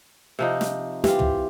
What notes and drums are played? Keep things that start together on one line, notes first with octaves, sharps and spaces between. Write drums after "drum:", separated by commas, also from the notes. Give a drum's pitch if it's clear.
C3 F3 D#4
drum: snare
E3 F4 G4, drum: snare
drum: tom